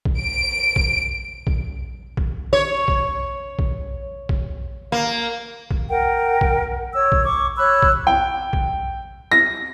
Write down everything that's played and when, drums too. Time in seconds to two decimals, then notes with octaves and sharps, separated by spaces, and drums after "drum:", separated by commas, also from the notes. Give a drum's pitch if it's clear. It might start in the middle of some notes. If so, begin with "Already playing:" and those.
0.05 drum: kick A#1
0.19 D7
0.76 drum: kick A#1
1.47 drum: kick A#1
2.17 drum: kick A#1
2.53 C#5
2.88 drum: kick A#1
3.59 drum: kick A#1
4.29 drum: kick A#1
4.92 A#3
5.71 drum: kick A#1
5.89 A#4 F#5 G5
6.41 drum: kick A#1
6.94 C#5 E6
7.12 drum: kick A#1
7.24 C#6 D6
7.57 C#5 B5 E6 F#6
7.82 drum: kick A#1
8.07 G5
8.53 drum: kick A#1
9.32 A#6